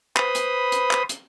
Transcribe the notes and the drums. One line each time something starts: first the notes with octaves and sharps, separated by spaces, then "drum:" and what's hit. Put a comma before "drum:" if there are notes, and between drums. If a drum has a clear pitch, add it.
B4 C5 B5 C6 D#6, drum: clap
drum: hi-hat
drum: hi-hat
drum: clap
drum: hi-hat